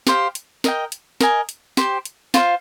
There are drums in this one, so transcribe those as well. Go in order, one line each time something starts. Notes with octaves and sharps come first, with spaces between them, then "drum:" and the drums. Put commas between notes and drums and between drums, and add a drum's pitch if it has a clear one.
G4 C5 F5, drum: snare
drum: hi-hat
A#4 D#5 G5, drum: snare
drum: hi-hat
A#4 D#5 G#5, drum: snare
drum: hi-hat
G4 C5 G5, drum: snare
drum: hi-hat
F4 C5 F5, drum: snare